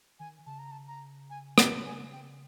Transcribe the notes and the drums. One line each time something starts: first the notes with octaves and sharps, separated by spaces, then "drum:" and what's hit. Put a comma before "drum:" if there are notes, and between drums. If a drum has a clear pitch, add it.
D#3 G#5
C#3 A5
A#5
A5
A#5
G#5
G5, drum: rim click
G#5
G5